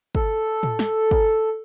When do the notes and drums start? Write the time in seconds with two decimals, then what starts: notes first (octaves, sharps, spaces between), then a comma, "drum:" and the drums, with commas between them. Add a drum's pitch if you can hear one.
0.15 A4, drum: kick
0.63 drum: tom A2
0.79 drum: snare
1.11 drum: kick